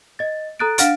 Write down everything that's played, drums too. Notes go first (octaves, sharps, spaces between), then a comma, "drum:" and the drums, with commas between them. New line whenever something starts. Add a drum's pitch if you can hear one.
D#5 A6
A4 A#5 D#6 F#6 A6 D7
D4 F5 F#5 F6 A6 D7, drum: hi-hat